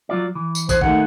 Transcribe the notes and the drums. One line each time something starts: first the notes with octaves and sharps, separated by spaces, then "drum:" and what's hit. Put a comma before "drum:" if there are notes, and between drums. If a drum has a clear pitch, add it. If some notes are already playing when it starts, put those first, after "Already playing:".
F#3 F4 D5
E3
drum: tambourine
C5 D#6 F#6 G#6, drum: kick, tambourine
D#2 D#3 A3 F#5, drum: kick